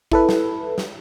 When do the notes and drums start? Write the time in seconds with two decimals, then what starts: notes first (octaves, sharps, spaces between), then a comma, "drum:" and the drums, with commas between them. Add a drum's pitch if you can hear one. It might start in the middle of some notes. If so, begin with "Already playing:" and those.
0.12 E4 A4 B4, drum: kick
0.29 drum: snare
0.78 drum: snare